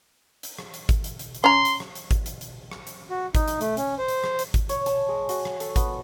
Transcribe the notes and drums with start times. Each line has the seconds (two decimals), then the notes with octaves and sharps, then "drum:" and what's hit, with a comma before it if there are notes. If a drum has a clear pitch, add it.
0.43 drum: hi-hat
0.59 drum: rim click
0.74 drum: hi-hat
0.89 drum: kick G#1, hi-hat
1.04 drum: hi-hat
1.19 drum: hi-hat
1.35 drum: hi-hat
1.44 C#4 A#5 C6
1.65 drum: hi-hat
1.80 drum: rim click
1.95 drum: hi-hat
2.11 drum: kick G#1, hi-hat
2.26 drum: hi-hat
2.41 drum: hi-hat
2.72 drum: rim click
2.87 drum: hi-hat
3.10 F#4
3.35 D#4, drum: kick G#1, hi-hat
3.48 drum: hi-hat
3.61 A3, drum: hi-hat
3.77 C#4, drum: hi-hat
3.98 C5
4.08 drum: hi-hat
4.24 drum: rim click
4.39 drum: hi-hat
4.54 drum: kick G#1, hi-hat
4.69 C#5, drum: hi-hat
4.86 A5, drum: hi-hat
5.08 G#3
5.29 F#4, drum: hi-hat
5.45 drum: rim click
5.60 A4, drum: hi-hat
5.76 B3, drum: kick G#1, hi-hat